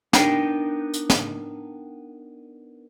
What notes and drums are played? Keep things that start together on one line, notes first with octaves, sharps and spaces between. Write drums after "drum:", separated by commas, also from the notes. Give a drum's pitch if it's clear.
B3 D4 D#4 A#4 G5, drum: snare
drum: hi-hat
drum: snare